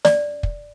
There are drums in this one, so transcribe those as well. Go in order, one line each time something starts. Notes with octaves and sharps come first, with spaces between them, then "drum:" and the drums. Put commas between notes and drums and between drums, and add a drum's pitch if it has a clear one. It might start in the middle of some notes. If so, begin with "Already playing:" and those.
D5, drum: snare
drum: kick